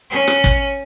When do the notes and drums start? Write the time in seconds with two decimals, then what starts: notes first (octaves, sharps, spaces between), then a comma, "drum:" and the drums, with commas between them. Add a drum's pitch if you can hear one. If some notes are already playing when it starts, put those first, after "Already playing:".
0.11 C#4
0.28 drum: rim click
0.44 drum: kick